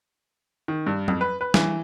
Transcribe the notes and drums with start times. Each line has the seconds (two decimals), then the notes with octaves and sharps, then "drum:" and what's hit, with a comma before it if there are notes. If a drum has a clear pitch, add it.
0.68 D#3
0.86 G2
1.08 F2, drum: tom F#3
1.21 B4
1.41 B4
1.54 E3, drum: snare